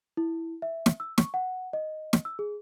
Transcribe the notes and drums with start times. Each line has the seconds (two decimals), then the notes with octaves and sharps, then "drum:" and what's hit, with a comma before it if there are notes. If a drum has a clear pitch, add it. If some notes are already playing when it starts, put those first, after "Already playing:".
0.17 E4
0.62 E5
0.86 drum: snare
1.00 E6
1.18 C#6, drum: snare
1.34 F#5
1.73 D#5
2.13 drum: snare
2.25 E6
2.39 G#4